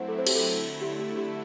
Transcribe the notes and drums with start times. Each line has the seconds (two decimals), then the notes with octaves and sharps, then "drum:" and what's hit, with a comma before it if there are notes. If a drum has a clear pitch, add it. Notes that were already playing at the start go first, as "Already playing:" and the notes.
Already playing: F#3 A3 C4 E4 C5 F#5
0.08 A4
0.18 C5
0.27 G4, drum: cymbal
0.36 A4
0.46 D3 A3 E4
0.81 G4
0.99 G4
1.18 G4